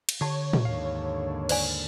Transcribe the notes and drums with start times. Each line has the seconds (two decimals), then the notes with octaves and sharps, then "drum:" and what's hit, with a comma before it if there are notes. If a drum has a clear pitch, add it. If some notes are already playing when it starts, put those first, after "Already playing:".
0.09 drum: cymbal
0.21 D3 G4 C#5 A5
0.53 drum: tom A2
0.65 D#2 G#2 D3 F5
1.49 C5 D5 G#5, drum: cymbal